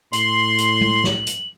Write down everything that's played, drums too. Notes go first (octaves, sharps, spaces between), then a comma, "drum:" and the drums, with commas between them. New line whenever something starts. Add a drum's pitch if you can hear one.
A2 C6 F#7, drum: hi-hat
drum: hi-hat
drum: tom G#3
drum: snare
drum: hi-hat